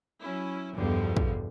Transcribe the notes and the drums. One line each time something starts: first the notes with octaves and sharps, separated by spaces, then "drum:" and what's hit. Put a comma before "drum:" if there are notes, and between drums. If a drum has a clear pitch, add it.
F#3 C#4 E4
E2 G2 B2 D3 F3 G3
drum: kick